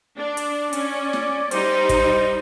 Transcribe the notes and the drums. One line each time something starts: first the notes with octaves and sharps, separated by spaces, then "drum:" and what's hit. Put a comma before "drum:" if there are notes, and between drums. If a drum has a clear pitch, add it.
D4 D5
drum: hi-hat
C#4, drum: hi-hat
drum: snare
G3 D#4 G4 C5, drum: hi-hat
drum: kick, hi-hat